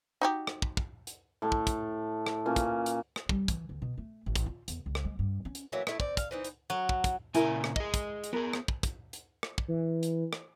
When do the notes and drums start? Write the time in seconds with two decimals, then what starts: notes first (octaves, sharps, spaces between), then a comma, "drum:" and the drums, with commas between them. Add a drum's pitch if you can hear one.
0.21 D#4 F#4 G4
0.47 drum: rim click
0.62 drum: kick
0.77 drum: kick
1.07 drum: hi-hat
1.42 A2 A4
1.52 drum: kick
1.67 drum: kick, hi-hat
2.27 drum: rim click
2.46 A#2 C#4
2.56 drum: kick, hi-hat
2.86 drum: hi-hat
3.16 drum: rim click
3.29 G3, drum: kick
3.48 E3, drum: kick, hi-hat
3.69 D2
3.82 B2
3.98 A3
4.26 A1
4.35 drum: kick, hi-hat
4.46 F4
4.68 E2, drum: hi-hat
4.86 C#2
4.95 drum: rim click
5.05 G#3
5.19 G2
5.45 C#4
5.55 drum: hi-hat
5.72 E3 F#3 A#3 E5
5.87 A3 E4, drum: rim click
6.00 C4 D5, drum: kick
6.17 F5, drum: kick, hi-hat
6.31 E3 C4 D#4
6.44 drum: hi-hat
6.70 F#3
6.89 drum: kick
7.04 drum: kick, hi-hat
7.35 A#2 C#3 E4 A#4 G#5, drum: hi-hat
7.64 drum: rim click
7.76 G#4 D#5, drum: kick
7.94 drum: kick, hi-hat
8.24 drum: hi-hat
8.33 B3 G#4 A#4
8.53 drum: rim click
8.68 drum: kick
8.83 drum: kick, hi-hat
9.13 drum: hi-hat
9.43 drum: rim click
9.58 drum: kick
9.68 E3
10.03 drum: hi-hat
10.33 drum: rim click